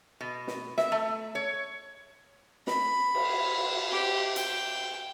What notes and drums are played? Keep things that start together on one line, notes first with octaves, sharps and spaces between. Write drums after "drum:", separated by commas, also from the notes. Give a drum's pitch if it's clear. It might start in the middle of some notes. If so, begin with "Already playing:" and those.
B2
drum: snare
E5, drum: snare
A3
C#5
B5, drum: snare
drum: cymbal
drum: cymbal
G4
G5, drum: hi-hat